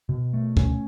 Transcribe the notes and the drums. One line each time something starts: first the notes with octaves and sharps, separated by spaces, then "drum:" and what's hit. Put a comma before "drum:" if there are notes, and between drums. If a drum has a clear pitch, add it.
B2
A3
C#4, drum: kick